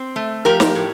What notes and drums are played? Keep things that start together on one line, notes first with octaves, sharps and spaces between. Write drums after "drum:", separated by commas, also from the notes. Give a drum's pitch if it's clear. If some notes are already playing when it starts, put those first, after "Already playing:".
Already playing: C4
A3
F3 G4 A#4
drum: snare
A2